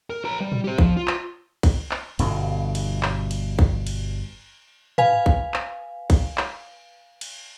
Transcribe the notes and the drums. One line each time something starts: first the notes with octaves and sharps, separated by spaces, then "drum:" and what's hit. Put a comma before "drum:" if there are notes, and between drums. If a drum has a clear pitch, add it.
A#4
B4 A#5
G3
drum: tom
G4 C5
F3, drum: kick
F4
drum: clap
drum: kick, cymbal
drum: clap
G1 G2 B2, drum: cymbal
drum: cymbal
drum: clap
drum: cymbal
drum: kick
drum: cymbal
B4 F5 G#5, drum: tom
drum: kick
drum: clap
drum: kick, cymbal
drum: clap
drum: cymbal